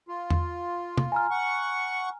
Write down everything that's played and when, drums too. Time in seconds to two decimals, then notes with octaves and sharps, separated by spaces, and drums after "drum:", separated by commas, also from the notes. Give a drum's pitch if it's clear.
0.08 F4
0.30 drum: tom E2
0.98 drum: tom C3
1.12 G#5 A#5 F6
1.31 F#5 C#6